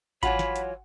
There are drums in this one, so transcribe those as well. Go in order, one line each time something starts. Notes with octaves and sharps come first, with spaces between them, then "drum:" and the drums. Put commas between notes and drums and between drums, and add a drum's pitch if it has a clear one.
E3 F#3 F4 F#4 C#5 F#5 G#5 B5, drum: kick G#1, hi-hat
drum: snare
drum: hi-hat